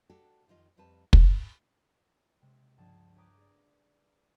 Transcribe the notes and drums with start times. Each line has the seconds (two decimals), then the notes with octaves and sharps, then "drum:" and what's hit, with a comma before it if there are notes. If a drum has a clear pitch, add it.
0.10 D4 F#4 G4 A4
0.48 F2 D#3 F4 D#5
0.77 F2 G3 C4 B4 A5
1.13 drum: kick
2.42 C3 G#3
2.78 C#2 G2 F3 G#4 A5
3.16 G4 B4 C#5 A#5 D6 D#6
3.37 G#4 D5